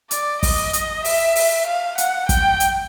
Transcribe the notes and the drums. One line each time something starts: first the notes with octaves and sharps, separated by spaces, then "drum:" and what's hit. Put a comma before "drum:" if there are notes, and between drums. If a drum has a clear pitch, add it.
D5, drum: hi-hat
D#5, drum: kick, open hi-hat
drum: hi-hat
E5, drum: open hi-hat
drum: open hi-hat
F5
F#5, drum: hi-hat
G5, drum: kick, hi-hat
drum: hi-hat